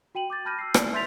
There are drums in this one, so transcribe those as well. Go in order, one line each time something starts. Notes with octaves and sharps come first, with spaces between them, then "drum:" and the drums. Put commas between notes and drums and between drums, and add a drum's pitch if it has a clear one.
F#4 G5 D#7 F#7
D6 G6 A6
A5 B5 F6 G6 A#6 D#7
E6 C7
D5, drum: rim click
E5 C6 G6 A6 B6 F7